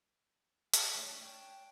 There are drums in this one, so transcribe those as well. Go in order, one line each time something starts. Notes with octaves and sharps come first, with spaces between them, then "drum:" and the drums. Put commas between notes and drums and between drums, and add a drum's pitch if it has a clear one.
drum: hi-hat
A3 C#4 D4 C#5
G5